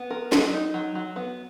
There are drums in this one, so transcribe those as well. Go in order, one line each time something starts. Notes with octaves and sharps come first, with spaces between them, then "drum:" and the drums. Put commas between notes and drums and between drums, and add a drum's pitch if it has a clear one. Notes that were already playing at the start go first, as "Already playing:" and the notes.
Already playing: B3
A#4
F#3, drum: snare
D#4
F#3
F#3
B3